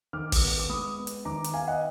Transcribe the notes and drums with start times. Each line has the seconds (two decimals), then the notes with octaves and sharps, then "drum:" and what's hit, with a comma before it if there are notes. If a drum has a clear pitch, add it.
0.13 D#3 D6 F6
0.32 drum: kick, open hi-hat
0.42 B3
0.59 D6
0.69 G#3 B5 D#6
0.98 B3
1.07 drum: hi-hat
1.25 D#3 A#5 D6
1.44 drum: hi-hat
1.54 B3 F5 G#5
1.68 D#5 F#5